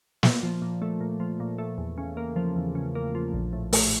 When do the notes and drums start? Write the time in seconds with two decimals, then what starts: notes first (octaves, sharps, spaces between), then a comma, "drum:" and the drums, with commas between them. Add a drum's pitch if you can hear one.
0.23 A#2, drum: snare
0.43 F3
0.62 A#2
0.82 A3
1.01 A#2
1.20 F3
1.40 A#2
1.58 A3
1.78 E2
1.98 C#3
2.17 A#3
2.36 F3
2.56 E2
2.75 C#3
2.95 A#3
3.15 F3
3.33 A#1
3.53 A2
3.73 A3, drum: open hi-hat